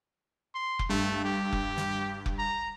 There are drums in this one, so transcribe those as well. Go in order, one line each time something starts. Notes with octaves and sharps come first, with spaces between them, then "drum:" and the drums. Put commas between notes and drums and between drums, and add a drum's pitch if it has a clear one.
C6
drum: kick F1
G2 A3
G4
drum: kick F1
drum: snare
drum: kick F1
A#5